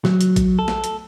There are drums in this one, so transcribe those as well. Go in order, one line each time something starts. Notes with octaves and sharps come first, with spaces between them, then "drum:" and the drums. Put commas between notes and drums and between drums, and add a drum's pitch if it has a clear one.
F#3, drum: snare
drum: hi-hat
drum: kick A#1, hi-hat
A4
drum: snare
drum: hi-hat